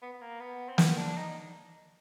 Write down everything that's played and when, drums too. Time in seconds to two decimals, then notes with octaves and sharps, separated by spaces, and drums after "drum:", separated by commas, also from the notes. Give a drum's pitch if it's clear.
0.02 B3
0.13 B3
0.21 A#3
0.40 B3
0.69 C4
0.78 B3, drum: snare
0.97 D4
1.16 D#4